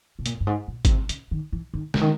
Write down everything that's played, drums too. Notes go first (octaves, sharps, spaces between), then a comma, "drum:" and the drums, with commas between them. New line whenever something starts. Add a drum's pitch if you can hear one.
B2
A#2, drum: hi-hat
G2
G#2
A#2
C#3, drum: kick G#1, hi-hat
C3
C#3, drum: hi-hat
D#3
E3
D#3
D3, drum: snare
D#3